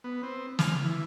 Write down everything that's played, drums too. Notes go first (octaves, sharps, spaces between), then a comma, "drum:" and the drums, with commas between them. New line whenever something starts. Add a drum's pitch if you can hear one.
B3
C4
F6, drum: snare
E3